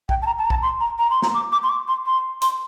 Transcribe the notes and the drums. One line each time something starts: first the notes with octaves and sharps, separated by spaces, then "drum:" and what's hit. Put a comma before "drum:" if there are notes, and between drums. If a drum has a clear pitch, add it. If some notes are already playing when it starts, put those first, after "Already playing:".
G5, drum: kick
A5
A#5
A5
A#5
A5, drum: kick
C6
A#5
A#5
C6
A#5, drum: snare
D6
D6
C6
D6
C6
C6
C6, drum: hi-hat